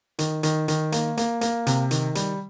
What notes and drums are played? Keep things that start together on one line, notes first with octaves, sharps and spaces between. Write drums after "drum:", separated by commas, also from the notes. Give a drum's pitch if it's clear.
D#3, drum: hi-hat
D#3, drum: hi-hat
D#3, drum: hi-hat
A#3, drum: hi-hat
A#3, drum: hi-hat
A#3, drum: hi-hat
C3, drum: hi-hat
D#3, drum: hi-hat
G3, drum: hi-hat